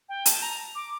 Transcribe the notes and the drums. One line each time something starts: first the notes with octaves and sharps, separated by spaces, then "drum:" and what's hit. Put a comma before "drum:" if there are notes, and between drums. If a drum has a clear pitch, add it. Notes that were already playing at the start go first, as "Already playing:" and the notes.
G5
A5, drum: hi-hat
A#5
D6